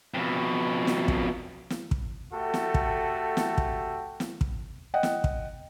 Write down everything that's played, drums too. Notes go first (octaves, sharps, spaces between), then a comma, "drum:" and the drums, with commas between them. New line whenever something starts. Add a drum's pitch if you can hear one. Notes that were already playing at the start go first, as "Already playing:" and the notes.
F2 B2
drum: snare
drum: kick
drum: snare
drum: kick
A3 F#4 G4 A4
drum: snare
drum: kick
drum: snare
drum: kick
drum: snare
drum: kick
D#5 F#5 G5
drum: snare
drum: kick